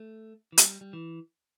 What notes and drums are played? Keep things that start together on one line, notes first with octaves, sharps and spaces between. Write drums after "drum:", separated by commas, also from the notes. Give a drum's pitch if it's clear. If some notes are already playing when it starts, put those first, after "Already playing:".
Already playing: A3
E3
G3, drum: hi-hat
G3
E3